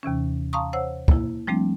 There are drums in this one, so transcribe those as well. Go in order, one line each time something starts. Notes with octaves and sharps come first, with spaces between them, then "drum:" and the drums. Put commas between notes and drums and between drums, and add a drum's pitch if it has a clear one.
D#2 C3 E3 C#4
F5 A5 A#5 C6 C#6 D#6
C5 C#5 F#5 E6
A#3 E4, drum: kick
F3 G3 A3 C4 D4